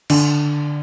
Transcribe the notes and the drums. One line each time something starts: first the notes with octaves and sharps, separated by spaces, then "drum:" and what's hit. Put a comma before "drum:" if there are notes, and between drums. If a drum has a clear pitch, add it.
D3, drum: cymbal